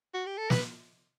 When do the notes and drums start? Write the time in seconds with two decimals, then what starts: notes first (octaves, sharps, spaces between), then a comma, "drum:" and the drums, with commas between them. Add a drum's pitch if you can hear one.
0.14 F#4
0.26 G4
0.38 A4
0.50 B4, drum: snare